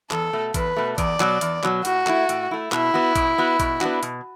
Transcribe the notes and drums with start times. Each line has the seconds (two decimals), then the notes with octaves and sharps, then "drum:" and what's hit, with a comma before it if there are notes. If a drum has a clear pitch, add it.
0.11 E2 A4, drum: clap
0.33 B2 A3
0.54 E2 B4, drum: kick, hi-hat
0.76 B2 A3
0.98 E2 D5, drum: kick, hi-hat
1.20 B2 F#3, drum: clap
1.41 E2, drum: hi-hat
1.63 B2 F#3, drum: clap
1.85 A2 F#4, drum: hi-hat
2.07 A3 E4, drum: clap
2.29 A2, drum: hi-hat
2.51 A3 E4
2.72 B2 E4, drum: clap
2.94 B3 F#4
3.16 B2, drum: kick, hi-hat
3.38 B3 F#4
3.60 B2, drum: kick, hi-hat
3.81 B3 D4 F#4, drum: clap
4.03 B2, drum: hi-hat